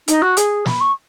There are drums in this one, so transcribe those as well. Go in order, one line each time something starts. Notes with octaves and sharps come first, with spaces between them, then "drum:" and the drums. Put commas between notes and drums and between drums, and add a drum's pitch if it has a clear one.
D#4, drum: hi-hat
F#4
G#4, drum: hi-hat
B5, drum: snare
C#6